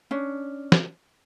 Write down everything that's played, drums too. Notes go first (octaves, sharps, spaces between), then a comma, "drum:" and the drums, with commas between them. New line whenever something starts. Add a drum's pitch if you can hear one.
C#4 D4
drum: snare